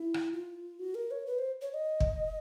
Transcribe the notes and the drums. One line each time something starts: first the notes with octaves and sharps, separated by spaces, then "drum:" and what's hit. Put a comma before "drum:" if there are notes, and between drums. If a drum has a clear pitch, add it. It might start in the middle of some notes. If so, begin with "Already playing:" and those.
Already playing: E4
drum: rim click
F4
F#4
A#4
C#5
B4
C5
C#5
D#5
drum: kick